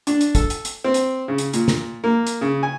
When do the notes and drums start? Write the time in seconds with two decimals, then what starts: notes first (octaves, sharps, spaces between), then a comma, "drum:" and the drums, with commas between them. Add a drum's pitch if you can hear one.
0.07 D4, drum: hi-hat
0.21 drum: hi-hat
0.35 A4, drum: kick, hi-hat
0.50 drum: hi-hat
0.65 drum: hi-hat
0.84 C4
0.94 drum: hi-hat
1.28 C#3
1.38 drum: hi-hat
1.54 A#2, drum: hi-hat
1.68 drum: snare
2.04 A#3
2.27 drum: hi-hat
2.41 C#3
2.63 G#5